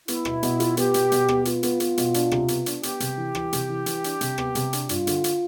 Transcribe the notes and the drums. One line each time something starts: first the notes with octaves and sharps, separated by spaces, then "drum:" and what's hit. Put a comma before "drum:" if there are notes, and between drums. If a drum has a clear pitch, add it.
B3 E4, drum: hi-hat
B2, drum: rim click
B2, drum: hi-hat
F4, drum: hi-hat
B3 G4, drum: hi-hat
B2, drum: hi-hat
B2, drum: hi-hat
B3, drum: rim click
B3 F4, drum: hi-hat
B3, drum: hi-hat
B3, drum: hi-hat
B2, drum: hi-hat
D4, drum: hi-hat
C3, drum: rim click
B3, drum: hi-hat
D4, drum: hi-hat
B3 G4, drum: hi-hat
C3, drum: hi-hat
E3
E3, drum: rim click
C3, drum: hi-hat
E3
E3, drum: hi-hat
D4, drum: hi-hat
C3, drum: hi-hat
B3, drum: rim click
C3, drum: hi-hat
D4, drum: hi-hat
G2 F4, drum: hi-hat
D3, drum: hi-hat
drum: hi-hat